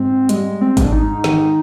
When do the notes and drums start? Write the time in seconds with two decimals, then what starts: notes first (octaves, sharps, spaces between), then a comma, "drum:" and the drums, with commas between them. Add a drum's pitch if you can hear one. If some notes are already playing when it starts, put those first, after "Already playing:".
Already playing: G#2 C4
0.29 G3 G#3, drum: hi-hat
0.61 C4
0.77 G#2, drum: kick, hi-hat
0.84 D4
0.92 D#4
1.24 D#3, drum: snare